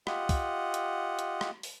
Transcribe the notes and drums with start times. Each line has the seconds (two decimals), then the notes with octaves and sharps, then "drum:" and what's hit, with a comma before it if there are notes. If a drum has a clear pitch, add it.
0.07 F4 G4 D#5 F#5, drum: rim click
0.29 drum: kick, open hi-hat
0.74 drum: hi-hat
1.19 drum: hi-hat
1.41 drum: rim click
1.63 drum: open hi-hat